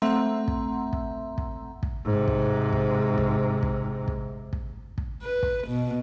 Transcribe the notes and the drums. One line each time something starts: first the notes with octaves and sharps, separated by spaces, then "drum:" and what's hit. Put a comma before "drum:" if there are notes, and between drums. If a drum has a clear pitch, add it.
A3 C4 E5 F#5 A#5 C6
drum: kick
drum: kick
drum: kick
drum: kick
G#2 C3
drum: kick
drum: kick
drum: kick
drum: kick
drum: kick
drum: kick
drum: kick
B4
drum: kick
B2